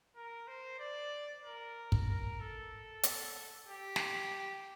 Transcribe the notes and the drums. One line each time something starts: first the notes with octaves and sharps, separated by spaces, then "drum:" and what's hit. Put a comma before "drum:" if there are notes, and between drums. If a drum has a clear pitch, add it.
A#4
C5
D5
A#4
drum: kick
A#4
A4
drum: hi-hat
G4
drum: snare